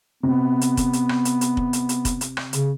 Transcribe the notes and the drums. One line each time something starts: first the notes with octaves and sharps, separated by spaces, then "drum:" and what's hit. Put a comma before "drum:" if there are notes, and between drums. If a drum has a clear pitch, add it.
C3 B3
drum: hi-hat
drum: kick F1, hi-hat
drum: hi-hat
drum: rim click
drum: hi-hat
drum: hi-hat
drum: kick F1
drum: hi-hat
drum: hi-hat
drum: kick F1, hi-hat
drum: hi-hat
drum: rim click
C#3, drum: hi-hat